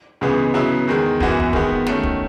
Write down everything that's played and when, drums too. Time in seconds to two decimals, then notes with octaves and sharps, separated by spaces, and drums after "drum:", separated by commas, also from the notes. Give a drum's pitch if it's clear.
0.21 C#2 C#3 E3 G#3 B3
0.54 C#3 F#3 B3 E4
0.88 E2 D#3 G#3
1.20 F#2 E3 B3 F#4, drum: kick
1.40 drum: kick
1.53 D#3 G#3 B3 F#4, drum: kick
1.87 D#3 A3 C#4 F#4, drum: snare
2.03 drum: kick